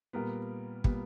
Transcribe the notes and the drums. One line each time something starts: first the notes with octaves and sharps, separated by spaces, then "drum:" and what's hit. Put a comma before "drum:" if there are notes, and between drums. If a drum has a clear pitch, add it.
A#2 G3 B3 A#4
A#2 G3 B3, drum: kick